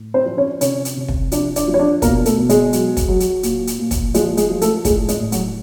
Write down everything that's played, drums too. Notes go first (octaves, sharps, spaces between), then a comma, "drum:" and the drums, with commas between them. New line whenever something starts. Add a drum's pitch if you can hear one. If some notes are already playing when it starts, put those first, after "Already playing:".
Already playing: A2
C4 C5
F3
C#4 C#5
C3 C#4 C#5, drum: hi-hat
drum: hi-hat
C3
drum: kick
F3 D4 D5, drum: hi-hat
D4 D5, drum: hi-hat
F3
C#5
D4 D5
B2 A#3 A#4, drum: kick, hi-hat
A3 A4, drum: hi-hat
B2
G#3 G#4, drum: hi-hat
F#3, drum: hi-hat
drum: kick, hi-hat
F#3
drum: hi-hat
A#2, drum: hi-hat
drum: hi-hat
A#2
drum: kick, hi-hat
F3 G#3 G#4, drum: hi-hat
G#3 G#4, drum: hi-hat
F3
A3 A4, drum: hi-hat
A2 G#3 G#4, drum: kick, hi-hat
G#3 G#4, drum: hi-hat
A2
F#3 F#4, drum: hi-hat